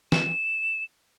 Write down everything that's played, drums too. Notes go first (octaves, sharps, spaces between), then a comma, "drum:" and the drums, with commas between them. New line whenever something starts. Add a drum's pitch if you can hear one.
E7, drum: snare